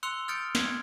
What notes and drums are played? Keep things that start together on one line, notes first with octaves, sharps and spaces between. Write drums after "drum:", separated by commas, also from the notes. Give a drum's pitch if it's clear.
C6 E6 F#6 C#7 F7 G7
D#6 F6 G6 A6 C#7 D7
G#6, drum: snare